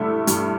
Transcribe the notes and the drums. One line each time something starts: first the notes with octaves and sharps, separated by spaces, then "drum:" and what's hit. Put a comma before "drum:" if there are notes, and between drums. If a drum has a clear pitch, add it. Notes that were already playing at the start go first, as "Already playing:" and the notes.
Already playing: G2 D3 A3 E4
G2, drum: hi-hat